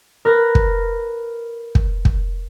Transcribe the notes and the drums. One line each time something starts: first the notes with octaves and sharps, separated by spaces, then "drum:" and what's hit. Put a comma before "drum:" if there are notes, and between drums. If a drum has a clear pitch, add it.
A#4 B4 A#6
drum: kick
drum: kick
drum: kick